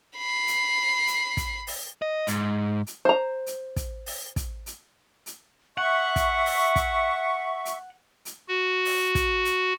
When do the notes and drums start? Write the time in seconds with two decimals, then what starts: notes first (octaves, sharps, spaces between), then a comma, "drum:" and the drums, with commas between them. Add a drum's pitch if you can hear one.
0.17 B5 C7
0.47 drum: hi-hat
1.07 drum: hi-hat
1.37 drum: kick, hi-hat
1.67 drum: open hi-hat
2.02 D#5
2.27 G#2, drum: hi-hat
2.87 drum: hi-hat
3.05 C5 A#5
3.46 drum: hi-hat
3.76 drum: kick, hi-hat
4.06 drum: open hi-hat
4.36 drum: kick, hi-hat
4.66 drum: hi-hat
5.26 drum: hi-hat
5.78 E5 F#5 C#6
6.16 drum: kick, hi-hat
6.46 drum: open hi-hat
6.76 drum: kick, hi-hat
7.65 drum: hi-hat
8.25 drum: hi-hat
8.48 F#4
8.85 drum: open hi-hat
9.15 drum: kick, hi-hat
9.45 drum: hi-hat